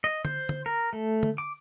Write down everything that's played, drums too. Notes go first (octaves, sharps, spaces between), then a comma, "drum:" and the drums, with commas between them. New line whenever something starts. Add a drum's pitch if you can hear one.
D#5
C5, drum: tom D3
drum: tom D3
A#4
A3
drum: tom D3
D6